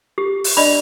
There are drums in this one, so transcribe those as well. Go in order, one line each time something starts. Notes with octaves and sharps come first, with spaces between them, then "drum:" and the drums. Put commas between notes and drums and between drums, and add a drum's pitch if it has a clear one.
G4
drum: open hi-hat
D4 D5 D#5 B5